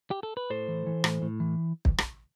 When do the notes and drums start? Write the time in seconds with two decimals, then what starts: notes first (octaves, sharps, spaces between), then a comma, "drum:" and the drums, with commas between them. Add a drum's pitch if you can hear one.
0.11 G4
0.23 A4
0.37 B4
0.50 A2 A4 C5
0.68 E3
0.86 E3
1.04 A2, drum: rim click
1.22 A2
1.40 E3
1.85 drum: kick
1.98 drum: rim click